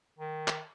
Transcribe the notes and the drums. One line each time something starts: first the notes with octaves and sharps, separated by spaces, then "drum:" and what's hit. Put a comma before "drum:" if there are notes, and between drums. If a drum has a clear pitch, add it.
D#3
drum: clap